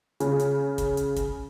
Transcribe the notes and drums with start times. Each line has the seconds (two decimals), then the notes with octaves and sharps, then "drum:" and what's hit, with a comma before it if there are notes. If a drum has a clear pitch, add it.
0.20 C#3, drum: hi-hat
0.40 drum: hi-hat
0.78 drum: kick, hi-hat
0.97 drum: hi-hat
1.16 drum: kick, hi-hat